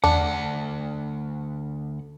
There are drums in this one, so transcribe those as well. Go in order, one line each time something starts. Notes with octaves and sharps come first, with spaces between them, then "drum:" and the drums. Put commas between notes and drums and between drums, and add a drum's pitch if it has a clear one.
D2 D4 F#5, drum: tom E2